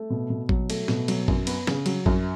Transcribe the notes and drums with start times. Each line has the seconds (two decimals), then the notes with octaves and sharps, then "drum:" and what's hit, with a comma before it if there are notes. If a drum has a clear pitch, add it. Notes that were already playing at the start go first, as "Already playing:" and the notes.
Already playing: A3
0.10 B2
0.30 B2
0.49 F#3, drum: kick A1
0.70 A3, drum: cymbal
0.88 B2, drum: snare
1.08 F#3, drum: cymbal
1.28 F#2, drum: kick A1
1.47 B3, drum: cymbal
1.67 C#3, drum: snare
1.86 F#3, drum: cymbal
2.06 F#2, drum: kick A1